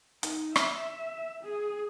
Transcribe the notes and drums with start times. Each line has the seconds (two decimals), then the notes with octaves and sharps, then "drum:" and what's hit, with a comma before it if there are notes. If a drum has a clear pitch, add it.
0.23 D#4, drum: hi-hat
0.56 E5, drum: rim click
1.43 G#4